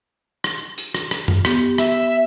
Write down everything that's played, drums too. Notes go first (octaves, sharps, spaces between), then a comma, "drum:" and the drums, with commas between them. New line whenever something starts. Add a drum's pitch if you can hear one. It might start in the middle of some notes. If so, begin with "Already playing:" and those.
drum: rim click
drum: hi-hat
drum: rim click
drum: rim click
drum: tom F#2
B3 G4, drum: rim click
E5, drum: rim click